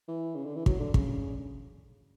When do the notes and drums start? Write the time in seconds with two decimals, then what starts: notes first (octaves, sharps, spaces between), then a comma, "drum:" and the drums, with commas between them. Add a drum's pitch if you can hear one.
0.08 E3
0.36 C#3
0.45 D3
0.56 E3
0.66 F#3, drum: kick
0.80 D3
0.94 C#3, drum: kick